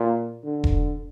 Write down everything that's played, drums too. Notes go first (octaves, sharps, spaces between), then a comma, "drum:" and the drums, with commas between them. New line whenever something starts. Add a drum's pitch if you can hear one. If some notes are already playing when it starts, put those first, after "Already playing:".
Already playing: A#2
D3
drum: kick E1